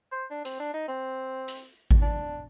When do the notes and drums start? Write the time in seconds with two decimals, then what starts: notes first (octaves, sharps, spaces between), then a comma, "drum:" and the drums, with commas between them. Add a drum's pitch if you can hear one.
0.12 C5
0.31 D4
0.45 C4, drum: hi-hat
0.60 D4
0.74 D#4
0.88 C4
1.48 drum: hi-hat
1.91 drum: kick G#1
2.02 D4